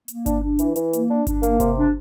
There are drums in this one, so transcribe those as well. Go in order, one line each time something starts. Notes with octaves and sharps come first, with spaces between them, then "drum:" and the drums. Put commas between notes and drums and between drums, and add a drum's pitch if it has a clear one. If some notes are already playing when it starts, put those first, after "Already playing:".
A#3, drum: hi-hat
D4, drum: kick G1, hi-hat
D4
E3, drum: hi-hat
E3, drum: hi-hat
A#3, drum: hi-hat
D4
D4, drum: kick G1, hi-hat
A#3, drum: hi-hat
C3, drum: kick G1, hi-hat
D4